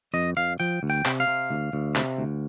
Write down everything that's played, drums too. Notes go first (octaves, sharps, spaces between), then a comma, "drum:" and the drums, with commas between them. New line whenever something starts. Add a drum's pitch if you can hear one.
F2 D#5
F2 F5
F3 G5
D2
G5
C3, drum: clap
F5
C3
D2
D2
C3, drum: clap
D2